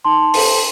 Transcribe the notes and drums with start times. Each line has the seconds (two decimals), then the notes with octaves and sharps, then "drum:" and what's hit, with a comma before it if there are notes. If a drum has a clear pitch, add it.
0.04 D#4 A5 C6
0.34 A4 C5, drum: open hi-hat